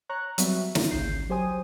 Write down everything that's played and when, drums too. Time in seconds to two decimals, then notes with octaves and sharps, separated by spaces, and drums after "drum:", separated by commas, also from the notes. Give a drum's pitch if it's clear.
0.09 C#5 A#5 C#6 F#6
0.38 F#3 G3 B3 C4 F#4 E5, drum: hi-hat
0.75 F#2 D3 A#3 C#4 D#4 F4, drum: snare
0.91 G#1 C#2 C#3 G6 C7
1.29 F#3 G4 C5 G#5 D#6 D#7